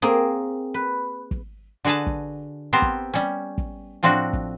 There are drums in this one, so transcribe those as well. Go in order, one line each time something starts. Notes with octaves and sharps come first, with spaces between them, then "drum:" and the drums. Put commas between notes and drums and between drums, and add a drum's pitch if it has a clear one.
A#3 C4 G#4
B4
drum: kick
D3 F#4 G#4 B4 A5
drum: kick
B3 C4 G4 A#4 C5
drum: kick
G3 C#4
drum: kick
A2 F3 C4 D4 F#4
drum: kick